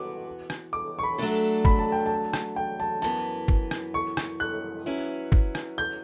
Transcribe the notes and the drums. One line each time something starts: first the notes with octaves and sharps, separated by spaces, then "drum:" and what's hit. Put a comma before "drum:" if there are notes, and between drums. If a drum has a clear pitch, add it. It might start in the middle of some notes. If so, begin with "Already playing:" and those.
Already playing: E3 B3 F#4 D6
drum: rim click
D6
C#6
B5
F#3 A3 D4 A4
B5, drum: kick
A5
G5
A5
drum: rim click
G5
A5
F#2 E3 B3 A5
drum: kick
drum: rim click
C#6
drum: rim click
F#6
F#3 C#4 E4 B4
drum: kick
drum: rim click
G6